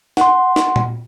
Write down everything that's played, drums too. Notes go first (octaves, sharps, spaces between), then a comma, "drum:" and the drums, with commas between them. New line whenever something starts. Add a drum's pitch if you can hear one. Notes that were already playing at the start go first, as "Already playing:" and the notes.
F#5 C6, drum: snare
drum: snare
drum: tom A#2